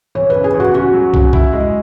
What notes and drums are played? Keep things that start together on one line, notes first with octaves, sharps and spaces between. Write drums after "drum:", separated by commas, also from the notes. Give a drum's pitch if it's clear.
E3 C#5
B4
C#3
G#4
E2
F#4
C#4 F#4
F#3
C#3, drum: kick
E4, drum: kick
G#3